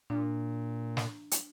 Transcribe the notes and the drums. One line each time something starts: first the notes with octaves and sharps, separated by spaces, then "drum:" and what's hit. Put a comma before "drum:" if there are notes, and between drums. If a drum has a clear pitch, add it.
A#2 D4
drum: snare
drum: hi-hat